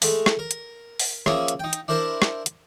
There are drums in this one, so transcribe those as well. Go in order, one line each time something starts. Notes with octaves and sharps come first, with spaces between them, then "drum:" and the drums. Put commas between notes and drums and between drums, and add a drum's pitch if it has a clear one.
G#3 A3, drum: open hi-hat
drum: rim click
A#4
drum: hi-hat
drum: open hi-hat
F3 A#3 C#4 G#4 C#5 E5, drum: rim click
drum: hi-hat
D#4 G5
drum: hi-hat
D4 E4 A#4 C5 A5
drum: rim click
drum: hi-hat